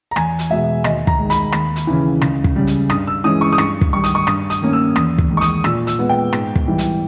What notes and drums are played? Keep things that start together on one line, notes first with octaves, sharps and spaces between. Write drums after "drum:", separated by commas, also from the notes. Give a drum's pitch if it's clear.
A#5
E2 G#5, drum: rim click
drum: hi-hat
B2 G#3 E5
D#2 D#5, drum: rim click
A#5, drum: kick
D#3 G#3
B5, drum: hi-hat
D#2, drum: rim click
drum: hi-hat
C#3 E3
C#2, drum: rim click
drum: kick
C#3 G3
drum: hi-hat
G2 D#6, drum: rim click
E6
E3 G#3 C#4 D#6
C#6
D#6
G2 C#6, drum: rim click
drum: kick
D#3 G3 C#6
D#6, drum: hi-hat
C#6
G2 D#6, drum: rim click
D#6, drum: hi-hat
D#3 A#3 C#4
E6
E2 D#6, drum: rim click
drum: kick
D#3 G#3
C#6
D#6, drum: hi-hat
A#2 E6, drum: rim click
E6, drum: hi-hat
G#3 B3
G5
G#2, drum: rim click
drum: kick
E3 G3
drum: hi-hat